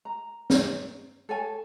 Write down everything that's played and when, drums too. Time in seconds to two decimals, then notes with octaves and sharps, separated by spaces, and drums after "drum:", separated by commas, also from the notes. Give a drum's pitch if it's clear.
0.05 A#5
0.50 drum: snare
1.29 A4 C#5 G#5